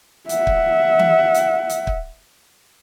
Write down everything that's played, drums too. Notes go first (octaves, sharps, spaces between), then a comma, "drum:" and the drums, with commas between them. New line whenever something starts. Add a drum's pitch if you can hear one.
E5 F#5, drum: hi-hat
drum: kick
drum: tom E3
drum: hi-hat
drum: hi-hat
drum: kick